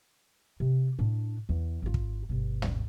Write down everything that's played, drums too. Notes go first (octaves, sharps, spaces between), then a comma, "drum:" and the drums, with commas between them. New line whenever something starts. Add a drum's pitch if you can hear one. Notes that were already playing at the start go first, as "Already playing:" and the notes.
C3
A2 D4
E2
G#1 F4
drum: kick
G1 B2
drum: tom